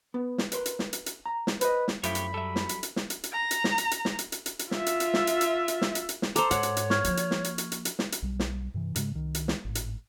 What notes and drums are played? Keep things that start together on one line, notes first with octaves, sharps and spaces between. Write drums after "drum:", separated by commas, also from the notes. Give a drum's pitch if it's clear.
B3
drum: snare
A#4 B4 C6, drum: hi-hat
drum: hi-hat
drum: snare
drum: hi-hat
drum: hi-hat
A#5
drum: snare
B4 C5 D#5, drum: hi-hat
drum: snare
F#2 F3 A3 E4 G4 C#5 B5, drum: hi-hat
drum: hi-hat
F#3 G3 A4 E5
drum: snare
drum: hi-hat
drum: hi-hat
drum: snare
drum: hi-hat
drum: hi-hat
A#5
drum: hi-hat
drum: snare
drum: hi-hat
drum: hi-hat
drum: snare
drum: hi-hat
drum: hi-hat
drum: hi-hat
drum: hi-hat
F4 E5, drum: snare
drum: hi-hat
drum: hi-hat
drum: snare
drum: hi-hat
drum: hi-hat
drum: hi-hat
drum: snare
drum: hi-hat
drum: hi-hat
drum: snare
A4 C5 A#5 D6, drum: hi-hat
G#2 C#5 F#5, drum: hi-hat
drum: hi-hat
drum: hi-hat
C#6 F6 G#6, drum: snare
F3 A#3, drum: hi-hat
drum: hi-hat
drum: snare
drum: hi-hat
drum: hi-hat
drum: hi-hat
drum: hi-hat
drum: snare
drum: hi-hat
B1 G3
drum: snare
G2 C3 E3
G#2 C#3 G#3, drum: hi-hat
C2 D#3
drum: hi-hat
drum: snare
G#1 A2
drum: hi-hat